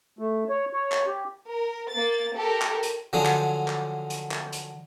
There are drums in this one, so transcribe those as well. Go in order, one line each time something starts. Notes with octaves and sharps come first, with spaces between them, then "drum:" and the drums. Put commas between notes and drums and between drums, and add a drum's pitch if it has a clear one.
A3
C#5
C#5
drum: clap
G4
A#4
A#3 A6
G4 A4 A#4
drum: clap
drum: hi-hat
D3 F3 F#3 D4 G#4
drum: clap
drum: clap
drum: hi-hat
drum: clap
drum: hi-hat